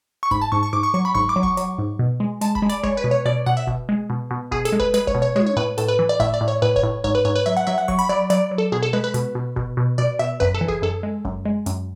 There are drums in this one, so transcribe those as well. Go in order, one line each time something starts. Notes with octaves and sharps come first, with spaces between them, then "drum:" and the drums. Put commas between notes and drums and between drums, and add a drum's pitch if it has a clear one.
C#6
G#2 B5, drum: kick F#1
A5
G#2 C#6
C#6
G#2 D6
C#6
F#3 C#6
B5
G#2 C#6, drum: kick F#1
D6
F#3
C#6, drum: kick F#1
F#3, drum: hi-hat
G#2
B2
G#3
G#3 A5, drum: hi-hat
B5, drum: kick F#1
G#3
D5, drum: hi-hat
G#3 C#5, drum: kick F#1
B4
B2
C#5
B2 D5
B2 F#5
E5
B2, drum: kick F#1
G#3
B2
B2
B2 G#4, drum: kick F#1
A4, drum: hi-hat
G#3
B4, drum: kick F#1
G#3 B4, drum: hi-hat
C#5, drum: kick F#1
B2
C#5
G#3 C#5, drum: tom
C#5
A2 B4
A2 A4, drum: hi-hat
B4
E3
D5
A2 E5, drum: kick F#1
D5
A2
C#5
A2 B4
C#5, drum: kick F#1
A2
G#2 C#5, drum: kick F#1
B4
G#2 C#5
B4
F#3 E5
F#5
F#3 E5
F#5
F#3 C#6, drum: kick F#1
B5
F#3 D5
F#3 D5, drum: hi-hat
F#3
A4
B2 G#4
A4
G#3 B4
B4
B2, drum: hi-hat
B2
B2, drum: kick F#1
B2
B2 D5
B2 E5
F#2 B4, drum: kick F#1
A4
E3
G#4, drum: kick F#1
F#2 A4
G#3
F#2, drum: kick F#1
G#3
F#2, drum: hi-hat